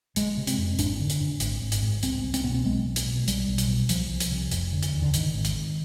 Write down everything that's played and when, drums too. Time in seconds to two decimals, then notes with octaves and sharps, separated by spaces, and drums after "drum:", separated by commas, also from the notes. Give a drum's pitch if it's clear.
0.16 G1 G#3, drum: hi-hat
0.37 C3
0.47 C4, drum: hi-hat
0.58 F2
0.79 G#1 D4, drum: hi-hat
1.00 D3
1.10 drum: hi-hat
1.21 G2
1.40 G#1, drum: hi-hat
1.62 G#1
1.72 drum: hi-hat
1.82 G#2
2.03 C2 C4, drum: hi-hat
2.23 C2
2.34 C4, drum: hi-hat
2.44 B2 B3
2.54 C4
2.65 B1 G#3
2.86 B1
2.96 drum: hi-hat
3.06 B2
3.28 B1 G3, drum: hi-hat
3.49 B1
3.58 drum: hi-hat
3.68 B2
3.89 C2 F3, drum: hi-hat
4.10 C2
4.20 drum: hi-hat
4.31 C3
4.51 F1, drum: hi-hat
4.73 D3
4.83 drum: hi-hat
4.93 D#2
5.02 D3
5.14 G#1 D#3, drum: hi-hat
5.34 G#1
5.45 drum: hi-hat
5.55 G#2